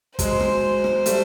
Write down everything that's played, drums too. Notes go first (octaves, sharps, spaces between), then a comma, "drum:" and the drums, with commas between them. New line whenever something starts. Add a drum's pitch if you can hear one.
F#3 G#3 C5, drum: kick, hi-hat
drum: rim click
drum: rim click
G3 A3, drum: hi-hat